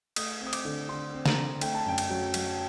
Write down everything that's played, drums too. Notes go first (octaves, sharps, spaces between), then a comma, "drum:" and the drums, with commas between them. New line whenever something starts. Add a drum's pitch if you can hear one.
A3 D#6, drum: cymbal
C4
D#6
D6, drum: cymbal
D3
D3 C6
C4
A#5, drum: snare
D3
A3 G5, drum: cymbal
A5
F#2 G5
drum: cymbal
F#3
F#3, drum: cymbal